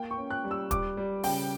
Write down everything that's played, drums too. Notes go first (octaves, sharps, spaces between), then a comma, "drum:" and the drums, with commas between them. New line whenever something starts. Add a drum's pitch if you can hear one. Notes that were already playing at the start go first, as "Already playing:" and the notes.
Already playing: A#3 G5
C#6
C#4
F#6
G3
E6
G3 D6, drum: kick, hi-hat
G3
C#3 G5, drum: open hi-hat